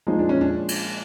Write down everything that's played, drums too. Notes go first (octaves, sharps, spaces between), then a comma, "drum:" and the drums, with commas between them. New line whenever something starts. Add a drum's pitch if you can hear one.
A#2 F3 G#3 D#4
D4
C#4
D4
drum: cymbal